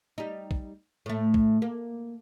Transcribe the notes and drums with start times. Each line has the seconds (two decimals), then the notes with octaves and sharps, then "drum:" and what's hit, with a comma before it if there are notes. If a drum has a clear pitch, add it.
0.18 G3 D#4
0.51 drum: kick
1.06 A2 A3
1.34 drum: kick
1.62 A#3